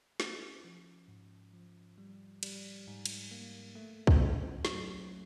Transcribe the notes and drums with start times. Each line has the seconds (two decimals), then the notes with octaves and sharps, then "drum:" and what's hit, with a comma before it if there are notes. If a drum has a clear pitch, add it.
0.20 C#4, drum: snare
0.65 F3
1.08 G#2
1.53 F3
1.98 G3
2.43 G3, drum: cymbal
2.87 G#2
3.06 drum: cymbal
3.31 A#3
3.75 A3
4.07 drum: kick
4.21 C#4
4.65 F#3, drum: snare
5.10 A3